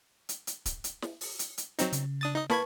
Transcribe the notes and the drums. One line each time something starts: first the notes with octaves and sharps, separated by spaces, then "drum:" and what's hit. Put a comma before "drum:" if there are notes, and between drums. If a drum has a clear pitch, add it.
drum: hi-hat
drum: hi-hat
drum: kick C#1, hi-hat
drum: hi-hat
drum: snare
drum: open hi-hat
drum: hi-hat
drum: hi-hat
F#3 C4 D#4, drum: hi-hat
C#3, drum: hi-hat
D4 D#6 A6
D#4 D#5
A#3 B4 A5 B5 C#6 G#6, drum: snare